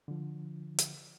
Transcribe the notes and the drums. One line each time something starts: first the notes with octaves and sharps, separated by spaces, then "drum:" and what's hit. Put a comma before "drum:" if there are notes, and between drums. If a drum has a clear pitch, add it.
D3 F3
drum: hi-hat